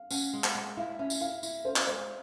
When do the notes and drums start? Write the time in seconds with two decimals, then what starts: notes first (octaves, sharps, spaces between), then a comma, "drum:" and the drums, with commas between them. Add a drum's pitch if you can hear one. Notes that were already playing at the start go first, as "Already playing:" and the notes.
Already playing: F5
0.11 C#4 F#5, drum: tambourine
0.33 G#3
0.44 F#5, drum: clap
0.55 G#3
0.77 E4 F5
0.99 C#4 E5
1.10 drum: tambourine
1.21 E4 F5
1.43 E4, drum: tambourine
1.65 C#4 C5
1.76 drum: clap
1.87 G#3 C5